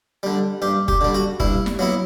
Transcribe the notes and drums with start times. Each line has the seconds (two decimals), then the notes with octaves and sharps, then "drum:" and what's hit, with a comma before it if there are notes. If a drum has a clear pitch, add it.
0.23 D3 G3
0.62 G2 G4
0.88 G4, drum: kick F#1
1.01 D3 G3
1.14 F#4
1.40 G2 E4, drum: kick F#1
1.66 drum: snare
1.79 F#3 B3 E4